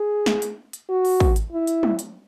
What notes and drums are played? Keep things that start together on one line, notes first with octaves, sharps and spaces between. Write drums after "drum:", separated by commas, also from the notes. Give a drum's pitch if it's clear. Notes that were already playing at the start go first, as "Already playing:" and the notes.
Already playing: G#4
drum: snare
drum: hi-hat
drum: hi-hat
F#4
drum: open hi-hat
drum: kick
drum: hi-hat
E4
drum: hi-hat
drum: tom
drum: hi-hat